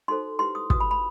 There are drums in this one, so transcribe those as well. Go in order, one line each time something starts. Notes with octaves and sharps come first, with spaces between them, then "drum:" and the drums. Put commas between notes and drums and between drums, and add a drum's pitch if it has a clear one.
D#4 F#4 A4 C5 C6
E4 G4 B4 C6
D#6
F#4 B4 D#6, drum: kick
B5
B5